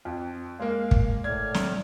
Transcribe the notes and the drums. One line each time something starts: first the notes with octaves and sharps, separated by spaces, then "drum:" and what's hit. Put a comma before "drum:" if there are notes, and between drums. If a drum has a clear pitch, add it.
F2
G#3 A#3 F5
drum: kick
A2 D5 F6 G#6
drum: snare